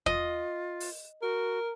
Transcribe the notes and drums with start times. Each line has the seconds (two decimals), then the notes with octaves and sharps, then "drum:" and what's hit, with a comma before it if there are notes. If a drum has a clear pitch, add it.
0.06 F4 D#5, drum: kick E2
0.80 drum: open hi-hat
1.22 F#4 A#4